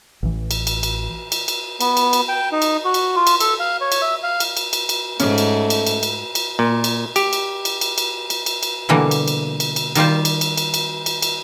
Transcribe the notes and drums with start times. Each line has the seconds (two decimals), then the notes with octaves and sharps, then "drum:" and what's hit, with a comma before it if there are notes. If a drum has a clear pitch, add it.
0.23 A1 E3
0.51 drum: cymbal
0.67 drum: cymbal
0.83 drum: cymbal
1.32 drum: cymbal
1.48 drum: cymbal
1.81 B3, drum: cymbal
1.97 drum: cymbal
2.13 drum: cymbal
2.28 G5
2.52 D#4
2.62 drum: cymbal
2.85 F#4
2.94 drum: cymbal
3.16 F4
3.27 drum: cymbal
3.40 A4, drum: cymbal
3.60 F5
3.81 C#5
3.92 drum: cymbal
4.02 E5
4.23 F5
4.40 drum: cymbal
4.57 drum: cymbal
4.73 drum: cymbal
4.89 drum: cymbal
5.20 G#2 A3 C#4, drum: cymbal
5.38 drum: cymbal
5.70 drum: cymbal
5.87 drum: cymbal
6.03 drum: cymbal
6.35 drum: cymbal
6.59 A#2
6.84 drum: cymbal
7.16 G4, drum: cymbal
7.33 drum: cymbal
7.65 drum: cymbal
7.81 drum: cymbal
7.98 drum: cymbal
8.30 drum: cymbal
8.46 drum: cymbal
8.63 drum: cymbal
8.89 B2 D3 E3 G3 A#3
9.11 drum: cymbal
9.28 drum: cymbal
9.60 drum: cymbal
9.76 drum: cymbal
9.95 D#3 G3 F4 C5, drum: cymbal
10.25 drum: cymbal
10.41 drum: cymbal
10.58 drum: cymbal
10.74 drum: cymbal
11.06 drum: cymbal
11.22 drum: cymbal